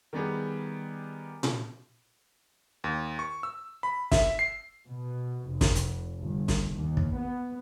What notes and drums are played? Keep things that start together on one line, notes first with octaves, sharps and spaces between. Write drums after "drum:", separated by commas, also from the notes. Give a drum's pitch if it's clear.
D#3 G3 B3 G4 G#4
drum: tom A#2
D#2
C#6
E6
B5
E5, drum: snare
C7
B2
F1
drum: snare
drum: hi-hat
G1
drum: snare
D#2
drum: kick
B3